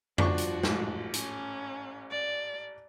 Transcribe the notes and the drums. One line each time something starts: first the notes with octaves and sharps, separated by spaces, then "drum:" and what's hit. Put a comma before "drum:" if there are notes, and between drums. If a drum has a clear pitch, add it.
F3 D4 F#4 C#6, drum: tom F2
drum: hi-hat
A1 G#2, drum: snare
C#4, drum: hi-hat
D5